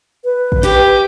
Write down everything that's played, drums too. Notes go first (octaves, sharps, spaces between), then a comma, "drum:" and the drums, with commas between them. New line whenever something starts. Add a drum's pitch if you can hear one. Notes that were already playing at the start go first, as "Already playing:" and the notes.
B4
drum: kick
G4, drum: snare